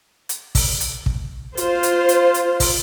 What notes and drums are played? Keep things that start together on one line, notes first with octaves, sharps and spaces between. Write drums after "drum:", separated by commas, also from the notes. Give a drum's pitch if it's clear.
drum: hi-hat
drum: kick, open hi-hat
drum: hi-hat
drum: kick
F4 C5, drum: hi-hat
drum: hi-hat
drum: hi-hat
drum: hi-hat
drum: kick, open hi-hat